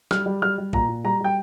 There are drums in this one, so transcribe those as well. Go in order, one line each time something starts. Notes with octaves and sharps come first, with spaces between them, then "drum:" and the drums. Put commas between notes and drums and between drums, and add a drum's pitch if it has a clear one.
G3 F6, drum: snare
G3
G3 F6
G3
A#2 A#5, drum: kick
A#2
G3 A#5
G3 G5